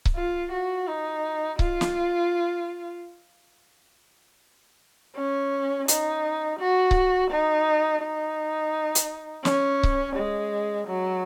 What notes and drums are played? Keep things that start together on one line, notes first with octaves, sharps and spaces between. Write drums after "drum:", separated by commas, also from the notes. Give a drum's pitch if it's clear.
drum: kick C#1
F4
F#4
D#4
F4, drum: kick C#1
drum: snare
C#4
D#4, drum: hi-hat
F#4
drum: kick C#1
D#4
D#4
drum: hi-hat
C#4, drum: snare
drum: kick C#1
G#3
F#3